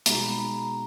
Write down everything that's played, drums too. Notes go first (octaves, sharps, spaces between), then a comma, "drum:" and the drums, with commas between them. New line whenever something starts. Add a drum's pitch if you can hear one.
B2 G#3 D#4 A#5, drum: hi-hat
B5
A#5
A#5